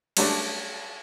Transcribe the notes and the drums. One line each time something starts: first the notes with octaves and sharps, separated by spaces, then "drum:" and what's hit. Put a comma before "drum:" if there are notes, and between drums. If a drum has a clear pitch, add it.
F#3 G3 A3 C#4 D4, drum: cymbal